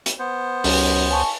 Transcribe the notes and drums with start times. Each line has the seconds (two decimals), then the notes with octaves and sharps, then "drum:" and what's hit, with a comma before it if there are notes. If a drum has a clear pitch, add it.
0.06 drum: hi-hat
0.19 B3 C5
0.64 C#2 F#2 C#5, drum: open hi-hat
1.10 G#5 A5 C#6